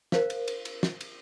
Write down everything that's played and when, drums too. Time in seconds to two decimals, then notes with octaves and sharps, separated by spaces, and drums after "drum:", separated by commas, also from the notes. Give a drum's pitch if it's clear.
0.12 A#4 C5 F5, drum: snare
0.30 drum: cymbal
0.48 drum: cymbal
0.65 drum: cymbal
0.83 drum: snare
1.01 drum: cymbal